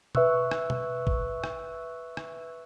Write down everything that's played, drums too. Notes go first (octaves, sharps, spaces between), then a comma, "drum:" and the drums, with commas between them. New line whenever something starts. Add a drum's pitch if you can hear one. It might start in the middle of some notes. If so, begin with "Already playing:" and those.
B4 E5 C#6 E6 F#6, drum: tom B2
drum: rim click
drum: tom B2
drum: kick
drum: rim click
drum: rim click